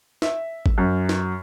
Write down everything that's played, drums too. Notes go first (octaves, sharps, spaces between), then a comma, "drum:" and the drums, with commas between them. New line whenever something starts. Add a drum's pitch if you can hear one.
E5, drum: snare
drum: kick G#1
F#2
drum: snare